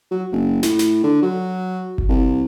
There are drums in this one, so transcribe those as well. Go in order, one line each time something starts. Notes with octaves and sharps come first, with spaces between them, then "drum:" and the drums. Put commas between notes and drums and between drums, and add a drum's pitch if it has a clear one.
F#3
F#1
A2, drum: snare
drum: snare
D3
F#3
drum: kick G1
C2